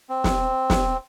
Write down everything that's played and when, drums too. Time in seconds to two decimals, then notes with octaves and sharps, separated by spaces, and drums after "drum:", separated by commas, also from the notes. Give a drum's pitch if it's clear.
0.09 C4
0.24 drum: snare
0.70 drum: snare